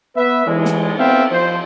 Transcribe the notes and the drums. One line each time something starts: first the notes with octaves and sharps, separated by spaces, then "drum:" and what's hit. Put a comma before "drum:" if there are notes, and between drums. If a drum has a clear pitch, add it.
B3 B4 E5
E3 G#3, drum: cymbal
drum: snare
B3 C4 E5 F5 G5
F3 C5